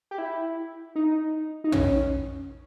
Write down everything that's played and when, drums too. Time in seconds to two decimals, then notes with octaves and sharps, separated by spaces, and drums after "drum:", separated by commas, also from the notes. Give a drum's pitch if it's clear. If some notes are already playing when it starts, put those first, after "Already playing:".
0.11 G4
0.18 E4
0.95 D#4
1.64 D#4
1.72 C#4, drum: tom